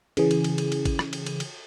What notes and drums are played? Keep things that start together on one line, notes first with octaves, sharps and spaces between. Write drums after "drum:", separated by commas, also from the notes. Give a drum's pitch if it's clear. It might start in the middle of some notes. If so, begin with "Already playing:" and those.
C#3 E3 G#4, drum: cymbal
drum: cymbal
drum: cymbal
drum: cymbal
drum: cymbal
drum: kick G#1, cymbal
drum: rim click
drum: cymbal
drum: cymbal
drum: cymbal